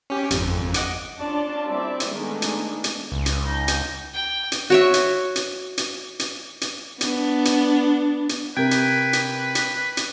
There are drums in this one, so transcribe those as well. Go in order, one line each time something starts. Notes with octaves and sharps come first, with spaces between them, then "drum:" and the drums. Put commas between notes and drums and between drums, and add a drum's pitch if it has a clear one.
C#4 G4
G#1 F2, drum: hi-hat
D#5 F#5 D6, drum: hi-hat
C#4 D4 F4 D5 A5
G3 A#3 C4 E4 D5 E5
drum: hi-hat
D#3 G#3 A3 B3 D4 D#4
drum: hi-hat
drum: hi-hat
C#2
drum: hi-hat
D#4 G6 A#6
drum: hi-hat
G5
drum: hi-hat
F#4 C#5 E5
drum: hi-hat
drum: hi-hat
drum: hi-hat
drum: hi-hat
drum: hi-hat
B3 D4, drum: hi-hat
drum: hi-hat
drum: hi-hat
C3 A#4 B4 G5 G#6
drum: hi-hat
drum: hi-hat
drum: hi-hat
drum: hi-hat